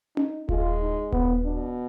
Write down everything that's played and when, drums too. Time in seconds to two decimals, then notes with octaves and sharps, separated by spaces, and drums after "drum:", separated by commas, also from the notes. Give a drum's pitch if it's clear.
0.17 D#4, drum: tom C#4
0.49 G#3 F4, drum: kick D#1
0.82 D#4
1.12 B3, drum: kick D#1
1.45 B2 D4